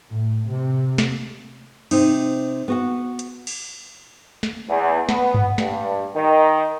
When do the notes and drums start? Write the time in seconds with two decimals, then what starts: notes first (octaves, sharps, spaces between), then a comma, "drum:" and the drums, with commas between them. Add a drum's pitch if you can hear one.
0.10 A2
0.49 C3
0.98 drum: snare
1.91 C3 C4 D#4, drum: cymbal
2.68 B3 F#4 F#5
3.19 drum: hi-hat
3.47 drum: cymbal
4.43 drum: snare
4.69 E2
5.09 B3, drum: snare
5.34 drum: tom G2
5.58 G2, drum: snare
6.16 D#3